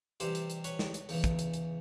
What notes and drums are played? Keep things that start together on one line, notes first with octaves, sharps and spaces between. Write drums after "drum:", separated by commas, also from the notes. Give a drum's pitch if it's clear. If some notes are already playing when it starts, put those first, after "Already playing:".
C3 E3 G3 C5 D5, drum: hi-hat
drum: hi-hat
drum: hi-hat
B4 C#5, drum: hi-hat
drum: snare
drum: hi-hat
E2 C#3 E3, drum: open hi-hat
drum: kick, hi-hat
drum: hi-hat
drum: hi-hat